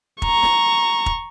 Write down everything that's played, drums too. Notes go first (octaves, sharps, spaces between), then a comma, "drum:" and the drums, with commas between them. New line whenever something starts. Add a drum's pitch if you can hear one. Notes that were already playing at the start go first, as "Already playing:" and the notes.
A#5 C#6, drum: kick F1
drum: snare
drum: kick F1